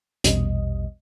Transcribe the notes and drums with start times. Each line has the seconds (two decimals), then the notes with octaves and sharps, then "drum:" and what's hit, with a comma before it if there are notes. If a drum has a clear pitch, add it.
0.24 A#1 E2 B2 G3 D#5, drum: hi-hat